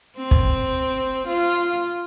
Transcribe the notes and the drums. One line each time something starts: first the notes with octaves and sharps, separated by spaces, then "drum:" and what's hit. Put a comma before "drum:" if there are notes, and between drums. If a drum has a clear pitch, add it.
C4
drum: kick
F4